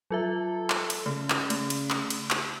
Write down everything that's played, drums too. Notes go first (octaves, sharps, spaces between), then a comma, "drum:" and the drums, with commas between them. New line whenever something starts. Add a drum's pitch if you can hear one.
F#3 F4 A4 E5
drum: clap
drum: cymbal
C#3 A3
drum: clap
A3, drum: cymbal
drum: cymbal
drum: clap
drum: cymbal
drum: clap